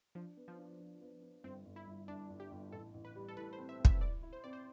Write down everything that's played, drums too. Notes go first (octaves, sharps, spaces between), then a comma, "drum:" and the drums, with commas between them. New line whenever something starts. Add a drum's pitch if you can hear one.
F3 D4
B3
F3
D4
D4
B3
B3
G1 C4
G1
E4
G1
G1 D4
G1
G4
G1
A1 A4
A1
B4
G3
A4
A2 B4
C5
C4
E5
C4
E5, drum: kick
E4 D5
E4
C5
C4 D5
C5